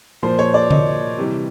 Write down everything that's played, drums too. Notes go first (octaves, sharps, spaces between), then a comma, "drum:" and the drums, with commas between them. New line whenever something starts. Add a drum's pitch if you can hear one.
A#2 F3 C5
C#5
D5
D#5, drum: tom D3
C3 E3 G3